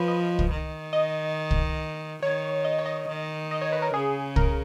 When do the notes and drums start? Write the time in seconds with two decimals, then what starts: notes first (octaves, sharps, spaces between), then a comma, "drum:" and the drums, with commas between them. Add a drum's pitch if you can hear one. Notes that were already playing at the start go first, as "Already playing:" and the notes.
Already playing: F3 B4 C#5
0.08 D#5
0.39 drum: kick
0.50 D#3
0.93 D#5
1.51 drum: kick
2.22 D#3 C#5
2.65 D#5
2.79 C#5
2.86 D#5
3.08 D#3
3.51 D#5
3.61 C#5
3.72 B4
3.82 A#4
3.93 C#3 G#4
4.36 A#4, drum: kick